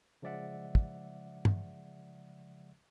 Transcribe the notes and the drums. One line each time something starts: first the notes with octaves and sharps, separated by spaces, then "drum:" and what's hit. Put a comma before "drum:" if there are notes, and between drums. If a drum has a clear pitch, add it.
C#3 F3 G#3 D5 E5 F#5
drum: kick
drum: tom